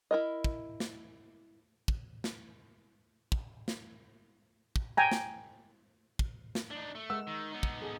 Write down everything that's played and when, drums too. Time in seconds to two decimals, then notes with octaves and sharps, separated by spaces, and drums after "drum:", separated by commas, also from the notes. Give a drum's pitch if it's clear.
0.11 E4 A#4 D#5
0.44 drum: kick
0.80 drum: snare
1.88 drum: kick
2.24 drum: snare
3.32 drum: kick
3.68 drum: snare
4.76 drum: kick
4.97 G5 G#5 A#5
5.12 drum: snare
6.19 drum: kick
6.55 drum: snare
6.71 D4 D#4
6.95 A3
7.10 G#3 A#4 F#5 E6
7.27 D#3
7.52 B3 D#4
7.63 drum: kick
7.82 G#4 A4